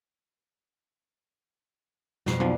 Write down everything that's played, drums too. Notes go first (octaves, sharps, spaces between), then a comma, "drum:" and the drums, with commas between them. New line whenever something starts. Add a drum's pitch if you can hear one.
F2 B2 C7, drum: snare
B1 F3 D4, drum: tom